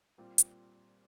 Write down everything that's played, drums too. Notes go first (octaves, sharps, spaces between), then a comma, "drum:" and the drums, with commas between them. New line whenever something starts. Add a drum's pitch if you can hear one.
A#2 G3 C4 F4
drum: hi-hat